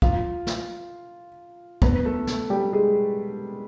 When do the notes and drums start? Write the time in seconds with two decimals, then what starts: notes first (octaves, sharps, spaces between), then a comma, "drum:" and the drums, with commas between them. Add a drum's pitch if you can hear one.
0.02 F4 F5, drum: kick
0.47 drum: snare
1.82 B3 B4, drum: kick
2.05 A3 A4
2.27 drum: snare
2.50 G3 G4
2.73 G#3 G#4